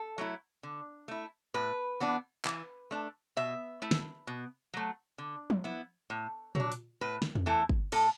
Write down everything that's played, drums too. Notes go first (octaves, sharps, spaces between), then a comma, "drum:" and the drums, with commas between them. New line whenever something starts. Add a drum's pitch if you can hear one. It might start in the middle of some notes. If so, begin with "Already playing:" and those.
Already playing: A4
F#3 A3 E4
D3
A3 E4
A2 B4
E3 B3 D4
E3, drum: clap
A3 D4
B2 E5
A3 E4
drum: snare
B2
F#3 A3
D3
drum: tom F3
B3 E4
A2
F#3 D4, drum: tom A#2
drum: hi-hat
A2 B4
drum: snare
drum: tom E2
E3 A3 E4 A4
drum: kick
A2 A4, drum: cymbal